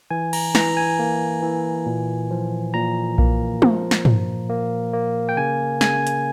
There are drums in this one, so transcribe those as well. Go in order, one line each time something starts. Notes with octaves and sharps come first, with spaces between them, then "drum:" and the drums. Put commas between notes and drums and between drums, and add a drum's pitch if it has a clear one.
E3 G#5
A#5, drum: cymbal
E3 A#5, drum: snare
G#5
A#3
E3
A#2
F3
A#2 A#5
A#3, drum: kick B1
F3, drum: tom
drum: snare
A#2, drum: tom
A#3
A#3
G5
C#3 G#5
C#3 G#5, drum: snare
drum: hi-hat